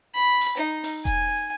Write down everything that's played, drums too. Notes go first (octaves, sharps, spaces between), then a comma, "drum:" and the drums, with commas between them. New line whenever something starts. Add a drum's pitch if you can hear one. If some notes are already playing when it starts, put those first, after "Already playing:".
B5
drum: open hi-hat
D#4
drum: open hi-hat
G#5, drum: kick E1, hi-hat